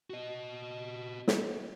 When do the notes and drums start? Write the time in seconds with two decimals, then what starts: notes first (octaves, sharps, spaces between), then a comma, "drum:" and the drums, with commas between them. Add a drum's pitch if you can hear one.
0.10 F#4 D#5
1.28 drum: snare